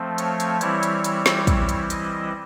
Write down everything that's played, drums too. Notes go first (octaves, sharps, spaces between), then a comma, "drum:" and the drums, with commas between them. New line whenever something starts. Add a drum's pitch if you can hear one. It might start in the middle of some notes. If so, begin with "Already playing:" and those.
Already playing: F3 A3 C4
C#5, drum: hi-hat
drum: hi-hat
E3 G3 C4 E4 C#5, drum: hi-hat
drum: hi-hat
C#5, drum: hi-hat
drum: snare
drum: kick, hi-hat
drum: hi-hat
D#5, drum: hi-hat